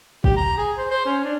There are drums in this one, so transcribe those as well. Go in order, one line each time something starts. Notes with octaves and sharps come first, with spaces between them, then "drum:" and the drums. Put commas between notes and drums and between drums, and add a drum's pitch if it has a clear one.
G4, drum: kick
A#5
G#4
C5
C5
C#4
D4